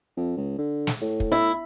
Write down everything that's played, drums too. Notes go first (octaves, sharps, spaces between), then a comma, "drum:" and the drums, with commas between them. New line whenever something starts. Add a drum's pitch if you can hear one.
F2
C#2
D3
drum: snare
A2
drum: kick
E4